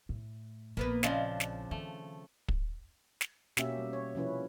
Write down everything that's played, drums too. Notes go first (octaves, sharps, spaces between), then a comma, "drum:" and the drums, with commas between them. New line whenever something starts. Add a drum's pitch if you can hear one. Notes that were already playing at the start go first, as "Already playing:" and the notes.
A2
A#1 A#3 B3 B4
C#3 F3 C4 D4 D#5, drum: snare
drum: snare
D#3 A3
drum: kick
drum: snare
B2 A#3 C#4 G4 E5, drum: snare
G3
C#5
C3 F3 C#4 E4 B4